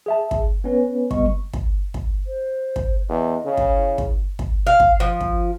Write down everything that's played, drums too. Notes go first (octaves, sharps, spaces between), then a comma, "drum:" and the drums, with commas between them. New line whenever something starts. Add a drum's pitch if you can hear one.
G#4 E5 A5
drum: kick
B3 C#4 B4
C#3 G3 B3 D#5 C#6, drum: kick
drum: kick
drum: kick
C5
drum: kick
E2 D#5
C#3
drum: kick
E4
drum: kick
drum: kick
F5
drum: kick
F3
drum: kick